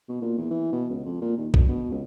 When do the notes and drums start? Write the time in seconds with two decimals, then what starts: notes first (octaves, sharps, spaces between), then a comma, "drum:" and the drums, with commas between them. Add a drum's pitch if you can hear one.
0.09 B2
0.22 A#2
0.38 E2
0.50 E3
0.72 B2
0.90 C#2
1.05 F2
1.22 A#2
1.37 D#2
1.54 D2, drum: kick A#1
1.68 B2
1.91 C#2